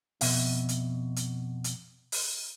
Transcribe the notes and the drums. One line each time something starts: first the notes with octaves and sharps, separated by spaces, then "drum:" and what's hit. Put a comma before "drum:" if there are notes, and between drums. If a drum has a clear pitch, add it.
F2 B2 E5, drum: open hi-hat
drum: hi-hat
drum: hi-hat
drum: hi-hat
drum: open hi-hat